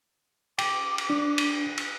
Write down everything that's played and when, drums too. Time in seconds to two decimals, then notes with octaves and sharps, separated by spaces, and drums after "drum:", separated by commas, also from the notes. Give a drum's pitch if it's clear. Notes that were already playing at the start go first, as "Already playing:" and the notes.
0.58 G5 D6, drum: cymbal
0.98 drum: cymbal
1.10 D4
1.38 drum: cymbal
1.78 drum: cymbal